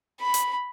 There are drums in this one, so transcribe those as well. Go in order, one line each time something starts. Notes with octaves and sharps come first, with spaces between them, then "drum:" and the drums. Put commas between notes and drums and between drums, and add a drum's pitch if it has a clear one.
B5
drum: hi-hat